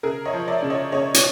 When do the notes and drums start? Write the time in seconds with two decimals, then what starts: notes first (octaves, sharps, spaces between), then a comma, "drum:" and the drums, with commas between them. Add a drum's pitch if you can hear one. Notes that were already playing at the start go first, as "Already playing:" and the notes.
0.03 C#3 G#4 A#4
0.25 C#5 D#5
0.33 F3
0.48 D5 E5
0.63 C#3
0.70 C#5 D#5
0.92 C#3 C#5 D#5
1.14 drum: hi-hat